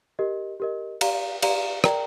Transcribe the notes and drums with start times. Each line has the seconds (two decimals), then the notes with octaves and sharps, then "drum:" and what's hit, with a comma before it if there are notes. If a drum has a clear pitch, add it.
0.19 G4 A#4 D#5
0.60 G4 A#4 D#5
1.01 G4 D5 F5 A#5, drum: cymbal
1.42 G4 D5 F5 A#5, drum: cymbal
1.84 A#4 D5 G5 A#5, drum: rim click